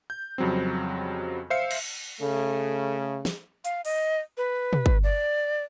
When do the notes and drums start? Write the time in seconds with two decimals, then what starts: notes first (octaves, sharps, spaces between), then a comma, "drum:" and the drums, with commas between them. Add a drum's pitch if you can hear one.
0.10 G6
0.38 F2 C#3 F#3 G3 C4
1.50 C5 E5 F5 C7 C#7
1.71 drum: cymbal
2.20 C#3 A3 A4
3.25 drum: snare
3.65 F5, drum: hi-hat
3.85 D#5, drum: open hi-hat
4.37 B4
4.73 drum: tom
4.86 drum: kick
5.04 D5